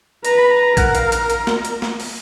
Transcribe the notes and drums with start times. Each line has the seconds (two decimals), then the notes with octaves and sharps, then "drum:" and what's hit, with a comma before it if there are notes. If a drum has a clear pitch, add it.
0.25 B4 A#5, drum: hi-hat
0.38 B5
0.51 A#5
0.77 A#4 F#5, drum: kick A#1, hi-hat
0.95 F5, drum: hi-hat
1.12 drum: hi-hat
1.30 drum: hi-hat
1.47 drum: snare
1.65 drum: hi-hat
1.82 drum: snare
2.00 drum: open hi-hat